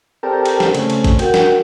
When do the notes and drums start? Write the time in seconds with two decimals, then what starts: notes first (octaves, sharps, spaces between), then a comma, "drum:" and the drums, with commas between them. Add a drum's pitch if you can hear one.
0.23 C4 G4 A4 A#4 C5 D5
0.45 drum: cymbal
0.60 drum: snare
0.74 C#3 A3, drum: cymbal
0.90 drum: cymbal
1.04 drum: kick, cymbal
1.19 F#4 A#4 F#5 G5, drum: cymbal
1.34 drum: snare